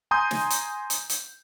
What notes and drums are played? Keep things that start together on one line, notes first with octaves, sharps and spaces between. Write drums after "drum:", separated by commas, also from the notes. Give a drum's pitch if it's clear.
G#5 A#5 C6 D#6 G6
drum: snare
drum: hi-hat
drum: hi-hat
drum: hi-hat